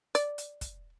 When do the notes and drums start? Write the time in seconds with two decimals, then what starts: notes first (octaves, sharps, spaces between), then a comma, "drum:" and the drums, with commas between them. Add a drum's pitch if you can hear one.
0.15 D5, drum: hi-hat
0.38 drum: hi-hat
0.61 drum: kick, hi-hat